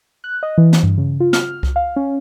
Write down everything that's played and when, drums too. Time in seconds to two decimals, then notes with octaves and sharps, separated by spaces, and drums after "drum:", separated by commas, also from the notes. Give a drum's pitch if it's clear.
0.24 F#6
0.43 D#5
0.58 E3
0.73 drum: snare
0.83 G2
0.98 C#3
1.20 F4
1.33 F6, drum: snare
1.63 drum: kick C2
1.76 F5
1.96 C#4